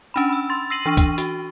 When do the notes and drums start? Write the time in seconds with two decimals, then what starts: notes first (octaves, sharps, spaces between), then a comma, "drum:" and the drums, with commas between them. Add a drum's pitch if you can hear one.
0.14 C#4 D4 B5
0.29 B5 E6
0.50 C6 A6
0.70 E6 A#6 C7 D#7 F#7
0.86 E3 D4 C#6 D#7
0.97 drum: kick, hi-hat
1.18 F#4, drum: hi-hat